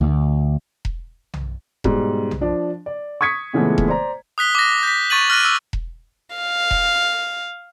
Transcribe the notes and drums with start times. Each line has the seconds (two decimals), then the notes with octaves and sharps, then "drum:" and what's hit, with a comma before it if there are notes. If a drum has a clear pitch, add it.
0.01 D2
0.85 drum: kick E1
1.34 drum: tom B1
1.84 G#2 B2 G3, drum: kick E1
2.31 drum: tom B1
2.41 F3 D4
2.86 D5
3.21 C#6 D#6 G#6 B6 C#7
3.53 A#2 C#3 E3 G#3 A3 B3
3.78 drum: kick E1
3.88 C5 D5 A#5
4.38 D#6 F#6 B6 G7
4.55 D6 A#6
4.83 G6 B6
5.10 C#6 A6 D#7 F#7
5.30 F6 F#6 A#6 D#7
5.45 E6
5.73 drum: kick E1
6.36 F5
6.71 drum: kick E1